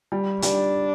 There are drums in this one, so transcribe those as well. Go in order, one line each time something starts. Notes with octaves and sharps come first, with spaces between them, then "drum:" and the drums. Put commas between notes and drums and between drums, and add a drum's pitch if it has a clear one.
G3
G3 D4, drum: hi-hat